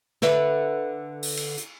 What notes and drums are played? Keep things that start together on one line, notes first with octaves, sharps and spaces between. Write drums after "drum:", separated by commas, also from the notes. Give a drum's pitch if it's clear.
D3 B4 E5, drum: snare
drum: open hi-hat
drum: cymbal
drum: hi-hat